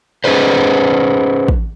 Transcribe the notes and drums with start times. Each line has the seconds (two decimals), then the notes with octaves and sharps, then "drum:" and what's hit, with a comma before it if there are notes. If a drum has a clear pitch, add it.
0.24 C#4 D#4 G#4 B4 C5
1.48 drum: kick